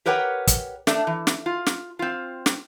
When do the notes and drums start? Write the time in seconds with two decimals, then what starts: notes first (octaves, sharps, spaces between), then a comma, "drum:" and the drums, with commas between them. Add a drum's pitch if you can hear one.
0.06 G4 A#4 B4 C#5 F#5 G5
0.47 drum: kick, hi-hat
0.87 A3 D4 A4, drum: snare
1.07 E3
1.27 drum: snare
1.46 F4
1.66 drum: snare
1.99 C4 F4
2.46 drum: snare